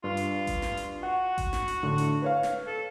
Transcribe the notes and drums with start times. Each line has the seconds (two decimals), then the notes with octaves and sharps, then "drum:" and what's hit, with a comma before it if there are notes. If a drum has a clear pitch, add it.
0.04 G2 F4
0.17 drum: hi-hat
0.47 drum: kick G#1, hi-hat
0.62 drum: snare
0.77 drum: hi-hat
1.03 F#4 F#5
1.38 drum: kick G#1, hi-hat
1.53 drum: snare
1.68 drum: hi-hat
1.83 A2 D3
1.98 drum: hi-hat
2.22 B4 C#5 F5
2.43 drum: snare
2.67 A4